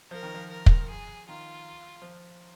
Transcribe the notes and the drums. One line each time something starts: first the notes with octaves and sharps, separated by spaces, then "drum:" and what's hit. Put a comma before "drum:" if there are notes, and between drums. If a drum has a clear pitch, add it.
F3 A#4
D#3
F3
A#4
drum: kick
G#4
D#3 F4
F3